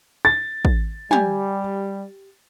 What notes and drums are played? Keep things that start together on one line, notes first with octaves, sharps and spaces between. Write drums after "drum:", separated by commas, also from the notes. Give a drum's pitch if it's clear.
A6
drum: kick
G3 G4 G#5, drum: tom